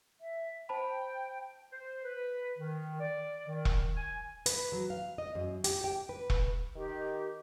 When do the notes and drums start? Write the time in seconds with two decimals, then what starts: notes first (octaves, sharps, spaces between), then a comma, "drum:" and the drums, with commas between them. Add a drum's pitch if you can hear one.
0.21 E5
0.69 C5 G5 A5 B5
1.72 C5
2.04 B4
2.58 D#3
3.00 D5
3.48 D#3
3.65 drum: kick E1
3.96 G#5
4.46 B4, drum: hi-hat
4.72 F#3
4.90 F5
5.18 D#5
5.35 F#2
5.64 G4, drum: hi-hat
5.84 G5
6.09 B4
6.30 drum: kick E1
6.76 D#3 G4